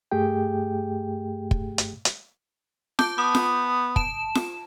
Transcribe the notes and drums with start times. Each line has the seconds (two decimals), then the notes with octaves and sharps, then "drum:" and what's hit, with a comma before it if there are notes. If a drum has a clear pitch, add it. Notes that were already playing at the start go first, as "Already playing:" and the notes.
0.12 G2 A3 G4 G#4 G5
1.51 drum: kick
1.78 drum: hi-hat
2.05 drum: hi-hat
2.99 A5 D6 G6, drum: snare F4
3.18 B3 D#6
3.35 drum: snare F4
3.96 A5 E7, drum: kick
4.35 drum: snare F4